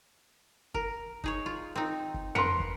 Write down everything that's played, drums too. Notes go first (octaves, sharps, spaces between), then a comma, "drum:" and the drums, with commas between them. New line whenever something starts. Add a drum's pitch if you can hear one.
A#4, drum: kick
D#4 G#4 C#5, drum: kick
F4
C4 D#4
drum: kick
A#4 B4 C6 C#7, drum: tom
drum: kick